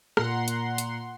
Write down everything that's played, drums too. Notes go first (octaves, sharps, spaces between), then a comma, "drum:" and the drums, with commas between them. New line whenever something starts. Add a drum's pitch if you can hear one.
A#2 F#5 A#5 C6, drum: rim click
drum: hi-hat
drum: hi-hat